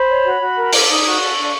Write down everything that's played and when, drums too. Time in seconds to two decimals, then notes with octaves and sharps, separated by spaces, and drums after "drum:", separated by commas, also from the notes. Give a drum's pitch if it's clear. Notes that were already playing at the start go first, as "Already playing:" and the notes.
Already playing: C5 B5
0.09 C#5
0.24 F#4
0.40 F#4
0.57 A#4
0.73 A4 D6, drum: open hi-hat
0.89 D#4
1.05 F#4 C#6
1.21 A4
1.36 D4